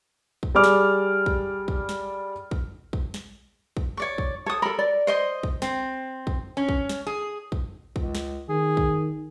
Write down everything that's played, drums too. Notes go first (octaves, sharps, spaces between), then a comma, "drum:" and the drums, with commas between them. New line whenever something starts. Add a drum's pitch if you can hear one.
drum: kick
G3 G#4 D5 D6 F6
drum: snare
drum: kick
drum: kick
drum: snare
drum: kick
drum: kick
drum: snare
drum: kick
C#5 D5 C#6
drum: kick
A4 C#5 D#6
A4 A#4 B5
D5
C5 D#5 C6
drum: kick
C4, drum: snare
drum: kick
C#4
drum: kick
drum: snare
G#4
drum: kick
C#2, drum: kick
drum: snare
D#3 G#4
drum: kick